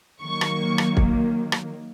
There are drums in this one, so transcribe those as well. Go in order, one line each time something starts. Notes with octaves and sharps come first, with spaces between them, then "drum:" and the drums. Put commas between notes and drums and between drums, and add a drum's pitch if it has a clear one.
D#3 F#3 A#3 C#6
drum: rim click
drum: rim click
drum: kick
drum: rim click